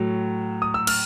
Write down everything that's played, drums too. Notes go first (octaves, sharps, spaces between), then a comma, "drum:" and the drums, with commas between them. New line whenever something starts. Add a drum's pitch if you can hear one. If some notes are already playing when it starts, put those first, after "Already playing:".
Already playing: A2 F#3
D#6
E6
F6, drum: cymbal